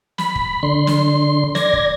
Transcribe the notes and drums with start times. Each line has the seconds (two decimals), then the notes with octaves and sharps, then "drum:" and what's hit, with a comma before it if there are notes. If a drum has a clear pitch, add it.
0.18 B5, drum: snare
0.35 drum: kick
0.63 D3 C6
0.87 drum: snare
1.55 D5 G#6 A#6, drum: snare
1.73 drum: kick